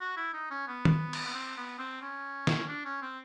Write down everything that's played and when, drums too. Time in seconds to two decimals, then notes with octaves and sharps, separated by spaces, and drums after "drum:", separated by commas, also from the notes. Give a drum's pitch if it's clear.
0.01 F#4
0.17 E4
0.33 D#4
0.51 C#4
0.67 B3
0.85 drum: tom
1.13 drum: cymbal
1.26 B3
1.34 C4
1.57 B3
1.78 C4
2.01 C#4
2.47 drum: snare
2.68 D4
2.85 C#4
3.02 C4